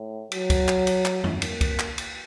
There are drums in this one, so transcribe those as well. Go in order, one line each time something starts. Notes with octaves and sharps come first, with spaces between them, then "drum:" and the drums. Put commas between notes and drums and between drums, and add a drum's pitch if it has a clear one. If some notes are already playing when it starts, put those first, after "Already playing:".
Already playing: A2
F#3, drum: cymbal
drum: kick, cymbal
drum: clap
drum: cymbal
drum: clap
drum: tom E2
A#3, drum: cymbal
drum: kick, cymbal
drum: clap
drum: cymbal